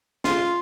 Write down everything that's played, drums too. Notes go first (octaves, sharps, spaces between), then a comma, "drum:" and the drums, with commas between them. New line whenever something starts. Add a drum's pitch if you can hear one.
F4, drum: snare